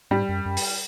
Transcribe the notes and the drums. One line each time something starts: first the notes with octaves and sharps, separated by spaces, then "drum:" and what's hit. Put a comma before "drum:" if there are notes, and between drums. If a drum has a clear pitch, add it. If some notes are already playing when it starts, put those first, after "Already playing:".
G#2 G3
F#2
F#2
drum: open hi-hat